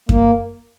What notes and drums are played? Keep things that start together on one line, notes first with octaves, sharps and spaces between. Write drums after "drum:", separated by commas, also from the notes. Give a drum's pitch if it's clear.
A#3, drum: kick F#2